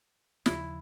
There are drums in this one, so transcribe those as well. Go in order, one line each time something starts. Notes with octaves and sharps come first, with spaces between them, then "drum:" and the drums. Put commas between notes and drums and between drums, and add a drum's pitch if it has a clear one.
D#2 C#3 F3 E4, drum: snare